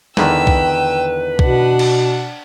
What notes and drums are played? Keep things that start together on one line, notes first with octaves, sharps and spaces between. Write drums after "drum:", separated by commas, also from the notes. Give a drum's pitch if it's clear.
E2 D3 D#3 B4 G5 E6, drum: snare
drum: kick B1
B2 D4 F#5, drum: kick B1
drum: cymbal